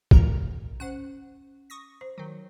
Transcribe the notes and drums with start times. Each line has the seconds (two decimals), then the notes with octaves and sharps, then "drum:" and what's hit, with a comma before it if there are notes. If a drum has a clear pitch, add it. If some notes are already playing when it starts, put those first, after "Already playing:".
0.11 A1 A#4 A#5, drum: kick
0.80 C#4 C5 F#5 F#6
1.70 C#6 D#6 A#6
2.01 C5
2.18 D#3 F#3